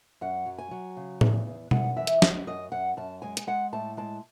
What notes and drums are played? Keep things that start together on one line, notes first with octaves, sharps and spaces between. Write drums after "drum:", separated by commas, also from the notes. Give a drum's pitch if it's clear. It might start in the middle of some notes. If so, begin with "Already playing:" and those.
F#2 F#5
F#3
G#5
F#3
C#3
E2, drum: tom A2
E2
F#2 F#5, drum: tom B2
E3 E5
drum: hi-hat
F#2 D#5, drum: snare
F#2 D#5
F#2 F#5
F#2 A5
G#3 G#5
G#5, drum: hi-hat
G#3 F#5
A2 A5
G#3 A5